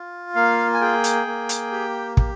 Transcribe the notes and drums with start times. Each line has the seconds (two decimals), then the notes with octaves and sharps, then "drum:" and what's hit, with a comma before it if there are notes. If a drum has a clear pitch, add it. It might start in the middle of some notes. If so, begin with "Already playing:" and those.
Already playing: F4
0.35 A#3 F5
0.73 G#5
0.81 G#4 G5
1.04 drum: hi-hat
1.27 A#3
1.49 drum: hi-hat
1.72 G4
2.17 G4, drum: kick